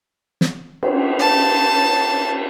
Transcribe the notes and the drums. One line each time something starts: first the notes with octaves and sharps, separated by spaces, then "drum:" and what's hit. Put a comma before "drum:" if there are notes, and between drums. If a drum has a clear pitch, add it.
drum: snare
drum: cymbal
A5